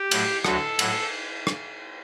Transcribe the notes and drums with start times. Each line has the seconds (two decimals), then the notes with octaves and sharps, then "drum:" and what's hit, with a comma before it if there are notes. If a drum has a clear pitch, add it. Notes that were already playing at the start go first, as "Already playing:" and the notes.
Already playing: G4
0.11 A2 F#3, drum: cymbal
0.45 D2 D3 F#3 A4, drum: rim click
0.79 A2 F#3, drum: cymbal
1.47 drum: rim click